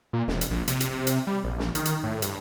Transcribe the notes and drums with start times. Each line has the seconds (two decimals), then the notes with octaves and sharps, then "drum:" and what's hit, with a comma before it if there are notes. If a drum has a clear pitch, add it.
0.13 A#2
0.28 E1, drum: snare
0.41 drum: hi-hat
0.51 A#1
0.68 C3, drum: hi-hat
0.80 drum: hi-hat
0.91 C3
1.07 drum: hi-hat
1.27 G3
1.43 A#1
1.59 drum: snare
1.75 D#3, drum: hi-hat
1.85 drum: hi-hat
2.04 A2
2.22 G2, drum: hi-hat